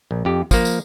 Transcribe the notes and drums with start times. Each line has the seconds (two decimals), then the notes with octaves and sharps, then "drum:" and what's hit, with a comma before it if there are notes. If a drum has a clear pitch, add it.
0.11 A#1
0.25 F2 G4
0.51 F3 A#3, drum: kick, tambourine
0.65 drum: tambourine